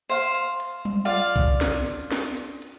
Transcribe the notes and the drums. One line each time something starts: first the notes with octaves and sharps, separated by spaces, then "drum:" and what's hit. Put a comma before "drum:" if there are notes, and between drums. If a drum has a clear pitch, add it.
C5 F5, drum: hi-hat
drum: hi-hat
drum: hi-hat
drum: tom F#3
F4 D5 F5
drum: kick, hi-hat
drum: snare
drum: hi-hat
drum: snare
drum: hi-hat
drum: hi-hat